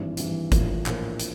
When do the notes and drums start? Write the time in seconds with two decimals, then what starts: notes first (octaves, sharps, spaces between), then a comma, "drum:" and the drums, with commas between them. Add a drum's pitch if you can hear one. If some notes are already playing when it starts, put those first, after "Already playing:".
Already playing: G#1 G2 E3
0.17 G#1 G2 E3, drum: hi-hat
0.52 A#1 A2 F3 A#3, drum: kick G1, hi-hat
0.86 A#1 A2 F3 A#3, drum: clap
1.20 drum: hi-hat